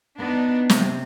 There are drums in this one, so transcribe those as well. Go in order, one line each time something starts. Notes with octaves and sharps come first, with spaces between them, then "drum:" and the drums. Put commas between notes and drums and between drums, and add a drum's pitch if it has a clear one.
B3 D4 D#4
C3, drum: snare